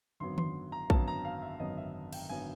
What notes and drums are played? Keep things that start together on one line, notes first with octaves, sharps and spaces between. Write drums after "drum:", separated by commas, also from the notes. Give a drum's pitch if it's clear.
G#1 F#2 D3 F#3 B3 C6
C6, drum: tom D#3
A#5
G#1 F#2 D3 F#3 B3 A5, drum: kick A#1
A#5
F5
E5
G#1 F#2 D3 F#3 B3 D#5
E5
G5, drum: cymbal
G#1 D3 F#3 B3 G#5